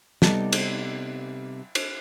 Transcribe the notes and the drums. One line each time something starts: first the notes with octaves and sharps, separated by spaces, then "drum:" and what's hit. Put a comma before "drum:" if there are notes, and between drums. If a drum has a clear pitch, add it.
C3 G3 B3 D#4 A4, drum: snare
drum: cymbal
drum: cymbal